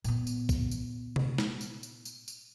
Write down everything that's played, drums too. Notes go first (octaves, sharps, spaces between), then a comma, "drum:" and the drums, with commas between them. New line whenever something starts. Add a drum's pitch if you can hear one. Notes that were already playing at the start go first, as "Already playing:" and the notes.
A#2 B3, drum: tambourine
drum: tambourine
drum: kick, tambourine
drum: tambourine
drum: tom C3
drum: snare
drum: tambourine
drum: tambourine
drum: tambourine
drum: tambourine